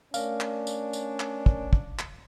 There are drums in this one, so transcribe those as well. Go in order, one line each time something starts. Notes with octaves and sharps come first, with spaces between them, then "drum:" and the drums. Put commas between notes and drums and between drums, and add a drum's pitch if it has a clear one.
A3 C#4 D4 A#4 D5 F5, drum: tambourine
drum: clap
drum: tambourine
drum: tambourine
drum: clap
drum: kick
drum: kick
drum: clap